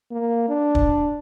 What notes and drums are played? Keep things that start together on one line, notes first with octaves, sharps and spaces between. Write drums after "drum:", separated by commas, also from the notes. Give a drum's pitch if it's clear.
A#3
D4
drum: kick